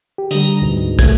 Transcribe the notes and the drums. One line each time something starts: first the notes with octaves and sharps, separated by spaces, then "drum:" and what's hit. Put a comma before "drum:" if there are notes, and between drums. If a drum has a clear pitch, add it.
G4
D3 G3 A#5 D#6, drum: hi-hat
D2 G#2 B2
A3 G#6, drum: kick, hi-hat